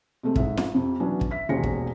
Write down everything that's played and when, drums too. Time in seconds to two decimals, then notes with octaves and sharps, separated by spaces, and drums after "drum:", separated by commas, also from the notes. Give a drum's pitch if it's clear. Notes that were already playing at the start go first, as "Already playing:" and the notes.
0.23 C3 G#3 A3 C4
0.36 G#2 E5, drum: kick
0.57 drum: snare
0.75 F2 C3
1.00 E3 F#3 B3 C#4 D4
1.21 drum: kick
1.31 E5 B6
1.49 E1 D#2 C#4 C5 A#6 C#7
1.63 drum: kick